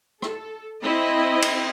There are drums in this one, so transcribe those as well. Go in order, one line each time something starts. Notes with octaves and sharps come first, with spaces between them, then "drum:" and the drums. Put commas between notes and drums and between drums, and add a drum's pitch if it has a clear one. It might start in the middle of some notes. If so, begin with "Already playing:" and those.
A4, drum: rim click
C4 E4 D#5
drum: cymbal